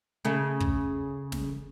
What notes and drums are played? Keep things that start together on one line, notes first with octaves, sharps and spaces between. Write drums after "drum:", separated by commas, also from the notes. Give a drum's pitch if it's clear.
C#3 A3
drum: kick
drum: snare